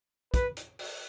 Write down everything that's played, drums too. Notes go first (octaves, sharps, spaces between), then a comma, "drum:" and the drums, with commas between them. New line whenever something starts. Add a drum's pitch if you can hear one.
B4, drum: kick, hi-hat
drum: hi-hat
drum: open hi-hat